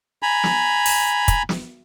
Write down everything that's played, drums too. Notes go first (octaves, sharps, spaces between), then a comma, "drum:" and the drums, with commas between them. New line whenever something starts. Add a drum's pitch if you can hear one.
G#5 A#5 B5
drum: snare
drum: open hi-hat
drum: kick, hi-hat
drum: snare